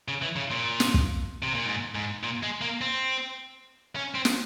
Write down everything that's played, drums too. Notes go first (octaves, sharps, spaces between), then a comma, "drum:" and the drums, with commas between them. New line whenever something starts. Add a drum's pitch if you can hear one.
C#3
E3
C#3
A#2
drum: snare
drum: kick
C3
A#2
G#2
G#2
A#2
G#3
A#3
C4
C#4
C4
drum: snare